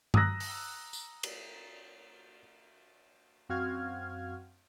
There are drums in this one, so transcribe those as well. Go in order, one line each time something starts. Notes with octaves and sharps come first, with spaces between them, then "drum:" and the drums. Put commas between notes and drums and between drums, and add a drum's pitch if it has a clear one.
A#5 D#6 E6 F#6 A#6, drum: tom G2
drum: open hi-hat
drum: tambourine
drum: cymbal
F#2 C4 F#4 F5 F6 G#6